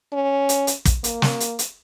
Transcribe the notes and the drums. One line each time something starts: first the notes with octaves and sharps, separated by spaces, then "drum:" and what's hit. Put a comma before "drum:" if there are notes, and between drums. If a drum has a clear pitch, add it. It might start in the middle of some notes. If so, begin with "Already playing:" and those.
C#4
drum: hi-hat
drum: hi-hat
drum: kick, hi-hat
A#3, drum: hi-hat
drum: snare
drum: hi-hat
drum: hi-hat